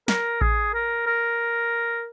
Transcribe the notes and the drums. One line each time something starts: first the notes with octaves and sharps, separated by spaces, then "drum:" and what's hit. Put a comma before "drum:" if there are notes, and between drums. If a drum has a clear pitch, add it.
A#4, drum: snare
G#4, drum: kick A1
A#4
A#4